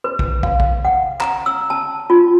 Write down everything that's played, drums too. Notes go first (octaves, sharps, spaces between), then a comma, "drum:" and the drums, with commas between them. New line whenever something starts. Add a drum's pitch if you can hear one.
B4
drum: kick
F5, drum: kick
drum: kick
F#5
A#5, drum: clap
E6
A5
F4